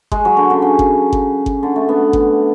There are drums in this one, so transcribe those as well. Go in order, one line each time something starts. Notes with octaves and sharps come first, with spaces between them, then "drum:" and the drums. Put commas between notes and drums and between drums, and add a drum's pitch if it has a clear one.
G#3, drum: kick G1
F#3
D3
C#3
C#3
drum: kick G1
drum: kick G1
drum: kick G1
D3
A3
B3
drum: kick G1